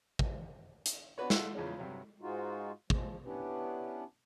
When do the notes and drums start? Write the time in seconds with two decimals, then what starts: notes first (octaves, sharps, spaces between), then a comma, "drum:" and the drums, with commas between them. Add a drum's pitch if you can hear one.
0.19 drum: kick
0.86 drum: hi-hat
1.18 B3 D4 F#4 B4 C#5
1.30 F4 A4 E5 F#5 E6, drum: snare
1.55 E2 C#3 F3 G#3 C#4
1.79 G2 C3 F#3
2.22 G#2 G#3 D#4 F4 F#4
2.90 F3 G#3, drum: kick
3.25 B3 C#4 D4 E4 G4 B4